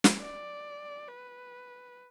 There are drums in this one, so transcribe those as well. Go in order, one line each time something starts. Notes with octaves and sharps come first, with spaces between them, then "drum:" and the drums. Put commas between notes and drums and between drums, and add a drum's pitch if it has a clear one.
drum: snare
D5
B4